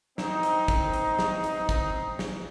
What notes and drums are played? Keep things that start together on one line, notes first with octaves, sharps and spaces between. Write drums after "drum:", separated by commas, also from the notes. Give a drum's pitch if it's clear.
C4 D#4, drum: snare
drum: hi-hat
drum: kick, hi-hat
drum: hi-hat
drum: snare
drum: hi-hat
drum: kick, hi-hat
drum: snare